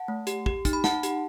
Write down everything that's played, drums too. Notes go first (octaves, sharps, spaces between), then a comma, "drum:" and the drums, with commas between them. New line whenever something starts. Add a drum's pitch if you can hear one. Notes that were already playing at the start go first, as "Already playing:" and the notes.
Already playing: F#5 A5
A3
G4, drum: hi-hat
G4, drum: kick
D#4, drum: kick, hi-hat
B5
D#4 F#5 A5, drum: snare
G4, drum: hi-hat